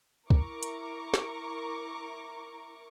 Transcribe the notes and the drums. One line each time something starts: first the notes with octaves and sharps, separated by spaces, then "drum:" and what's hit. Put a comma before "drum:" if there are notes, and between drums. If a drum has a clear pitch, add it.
E4 A#4 A#5 C#6 D6, drum: kick
drum: hi-hat
drum: snare